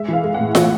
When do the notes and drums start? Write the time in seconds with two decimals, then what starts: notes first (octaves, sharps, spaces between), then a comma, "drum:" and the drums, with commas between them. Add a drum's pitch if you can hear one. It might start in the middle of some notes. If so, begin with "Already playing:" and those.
Already playing: G#3 E5
0.08 E3 F5
0.24 G#3
0.34 A2 F#5
0.55 E3 F#5, drum: snare F4